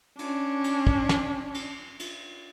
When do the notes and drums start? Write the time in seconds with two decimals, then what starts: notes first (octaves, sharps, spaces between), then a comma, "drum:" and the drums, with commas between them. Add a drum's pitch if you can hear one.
0.19 C#4 D4, drum: cymbal
0.64 drum: cymbal
0.87 drum: kick
1.09 drum: snare
1.54 drum: cymbal
2.00 drum: cymbal